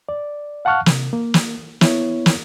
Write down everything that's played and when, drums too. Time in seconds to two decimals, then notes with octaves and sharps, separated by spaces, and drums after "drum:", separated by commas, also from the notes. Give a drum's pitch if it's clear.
0.09 D5
0.65 F5 F#5 A5 C#6 F6 F#6
0.86 C3, drum: snare
1.13 A#3
1.34 drum: snare
1.81 B3 E4 C#5, drum: snare
2.26 drum: snare